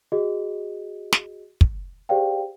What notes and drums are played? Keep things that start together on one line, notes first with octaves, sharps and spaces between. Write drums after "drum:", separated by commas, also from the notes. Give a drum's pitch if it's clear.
F#4 G#4 D#5
drum: snare
drum: kick
G4 G#4 C5 D5 F5 G5